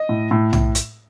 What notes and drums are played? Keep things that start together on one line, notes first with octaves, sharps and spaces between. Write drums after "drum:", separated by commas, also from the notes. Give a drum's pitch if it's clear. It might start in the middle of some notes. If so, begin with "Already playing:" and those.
Already playing: D#5
A2
A2
A2, drum: tom
drum: hi-hat